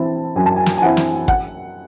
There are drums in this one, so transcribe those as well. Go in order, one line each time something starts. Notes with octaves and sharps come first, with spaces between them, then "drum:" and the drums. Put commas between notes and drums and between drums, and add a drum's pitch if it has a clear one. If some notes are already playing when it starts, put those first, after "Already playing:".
Already playing: E3 C4 E4 A5
F#2 G#5
A5
G#5
drum: snare
G#5
E3 C4 E4 F#5
drum: snare
F#5, drum: kick